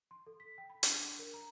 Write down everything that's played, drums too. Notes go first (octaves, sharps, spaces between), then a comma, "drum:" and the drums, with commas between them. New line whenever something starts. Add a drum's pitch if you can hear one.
C6
A4
B6
G5
B5
D4, drum: hi-hat
A#4
A#5